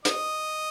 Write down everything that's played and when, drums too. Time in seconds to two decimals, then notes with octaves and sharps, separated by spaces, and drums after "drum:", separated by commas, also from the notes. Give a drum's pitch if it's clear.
0.05 D#5, drum: hi-hat